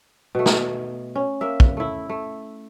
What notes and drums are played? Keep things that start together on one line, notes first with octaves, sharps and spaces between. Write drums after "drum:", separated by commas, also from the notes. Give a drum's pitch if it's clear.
B2 A3
drum: snare
C#4
A#3 E5
drum: kick
A3 E4
A3